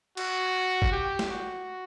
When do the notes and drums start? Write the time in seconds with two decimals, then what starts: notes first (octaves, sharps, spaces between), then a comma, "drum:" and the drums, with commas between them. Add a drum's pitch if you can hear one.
0.17 F#4, drum: cymbal
0.82 drum: kick G1
0.92 G4
1.19 drum: snare
1.29 F#4